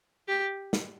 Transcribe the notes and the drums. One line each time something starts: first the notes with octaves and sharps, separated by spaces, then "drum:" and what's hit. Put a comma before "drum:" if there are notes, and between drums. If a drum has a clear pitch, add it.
G4
drum: snare